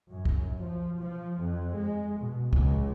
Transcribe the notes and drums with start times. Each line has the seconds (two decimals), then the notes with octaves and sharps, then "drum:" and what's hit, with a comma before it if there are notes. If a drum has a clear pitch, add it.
0.12 F#2
0.25 drum: kick C#2
0.60 F3
1.02 F3
1.42 F2
1.77 G#3
2.21 B2
2.53 C#2, drum: kick C#2